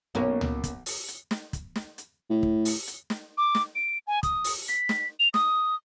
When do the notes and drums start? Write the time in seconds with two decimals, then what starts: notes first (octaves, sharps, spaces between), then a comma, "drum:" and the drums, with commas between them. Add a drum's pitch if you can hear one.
0.15 B1 A#3 C#4
0.41 drum: tom C#2
0.64 drum: kick, hi-hat
0.86 drum: open hi-hat
1.08 drum: hi-hat
1.31 drum: snare
1.53 drum: kick, hi-hat
1.76 drum: snare
1.98 drum: hi-hat
2.30 A2
2.43 drum: kick
2.65 drum: open hi-hat
2.88 drum: hi-hat
3.10 drum: snare
3.38 D6
3.55 drum: snare
3.75 D7
4.07 G#5
4.23 D#6, drum: kick, hi-hat
4.44 drum: open hi-hat
4.69 B6, drum: hi-hat
4.89 drum: snare
5.20 F7
5.34 D#6, drum: snare